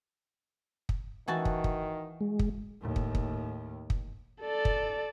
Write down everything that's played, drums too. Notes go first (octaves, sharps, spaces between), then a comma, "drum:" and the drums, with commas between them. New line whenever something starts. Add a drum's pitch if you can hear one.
drum: kick
D#3 E3 F#4 A5
drum: kick
drum: kick
G#3
drum: kick
D#2 A2
drum: kick
drum: kick
drum: kick
A4 D5
drum: kick